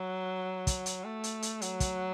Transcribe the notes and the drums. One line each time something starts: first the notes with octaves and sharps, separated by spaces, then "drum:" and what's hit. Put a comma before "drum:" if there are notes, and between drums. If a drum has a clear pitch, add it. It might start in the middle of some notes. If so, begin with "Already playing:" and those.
Already playing: F#3
drum: kick, hi-hat
drum: hi-hat
A3
drum: hi-hat
drum: hi-hat
F#3, drum: hi-hat
drum: kick, hi-hat